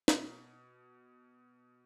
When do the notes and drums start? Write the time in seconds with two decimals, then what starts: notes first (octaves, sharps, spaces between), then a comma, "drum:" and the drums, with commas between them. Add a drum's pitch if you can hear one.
0.08 B2, drum: snare